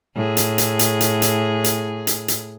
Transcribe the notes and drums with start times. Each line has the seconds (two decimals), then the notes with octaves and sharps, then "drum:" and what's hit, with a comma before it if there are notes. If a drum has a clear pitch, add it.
0.15 A2 G#4
0.37 drum: hi-hat
0.58 drum: hi-hat
0.79 drum: hi-hat
1.01 drum: hi-hat
1.22 drum: hi-hat
1.64 drum: hi-hat
2.07 drum: hi-hat
2.28 drum: hi-hat